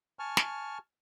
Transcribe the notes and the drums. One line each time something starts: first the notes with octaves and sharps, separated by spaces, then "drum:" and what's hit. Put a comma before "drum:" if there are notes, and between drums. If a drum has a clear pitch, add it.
G#5 A5 C#6 F6
drum: snare